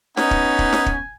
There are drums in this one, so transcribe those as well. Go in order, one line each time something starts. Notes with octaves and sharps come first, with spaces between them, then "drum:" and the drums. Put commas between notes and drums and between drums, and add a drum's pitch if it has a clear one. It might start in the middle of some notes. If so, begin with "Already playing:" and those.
B3 C#4 D#4 G#5, drum: snare
drum: kick
drum: kick
drum: snare
drum: kick